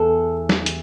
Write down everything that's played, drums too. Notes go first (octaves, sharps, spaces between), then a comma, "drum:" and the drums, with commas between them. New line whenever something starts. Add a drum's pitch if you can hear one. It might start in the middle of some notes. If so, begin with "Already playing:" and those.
Already playing: E2 E3 A4
drum: snare
drum: hi-hat